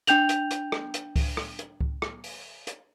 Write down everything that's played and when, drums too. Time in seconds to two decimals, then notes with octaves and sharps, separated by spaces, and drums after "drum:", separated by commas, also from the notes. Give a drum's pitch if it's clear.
0.07 D4 G5 G6 F7 F#7, drum: hi-hat
0.29 drum: hi-hat
0.51 drum: hi-hat
0.72 drum: rim click
0.94 drum: hi-hat
1.16 drum: kick C#2, open hi-hat
1.37 drum: rim click
1.59 drum: hi-hat
1.81 drum: kick C#2
2.02 drum: rim click
2.24 drum: open hi-hat
2.67 drum: hi-hat